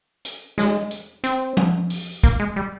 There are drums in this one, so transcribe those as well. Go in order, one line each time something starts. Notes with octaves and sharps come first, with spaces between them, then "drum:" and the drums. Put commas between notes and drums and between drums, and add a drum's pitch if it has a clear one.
drum: hi-hat
G#3, drum: snare
drum: hi-hat
C4, drum: hi-hat
drum: tom F3
drum: open hi-hat
A#3, drum: kick, hi-hat
G#3
G3